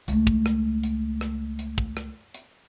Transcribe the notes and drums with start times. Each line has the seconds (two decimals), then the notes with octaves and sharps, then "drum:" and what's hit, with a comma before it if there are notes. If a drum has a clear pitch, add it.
0.08 C#2 A3, drum: hi-hat
0.27 drum: kick
0.46 drum: rim click
0.83 drum: hi-hat
1.21 drum: rim click
1.59 drum: hi-hat
1.78 drum: kick
1.97 drum: rim click
2.34 drum: hi-hat